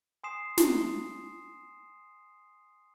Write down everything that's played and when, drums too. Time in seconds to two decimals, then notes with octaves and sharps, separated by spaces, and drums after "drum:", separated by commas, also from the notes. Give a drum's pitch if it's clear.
0.24 G#5 C6 D#6 C7 E7
0.58 drum: snare